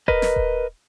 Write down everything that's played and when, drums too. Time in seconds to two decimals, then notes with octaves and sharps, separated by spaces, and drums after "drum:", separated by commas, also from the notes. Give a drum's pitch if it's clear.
0.08 A#4 B4 D#5, drum: kick D#1
0.22 drum: snare
0.36 drum: kick D#1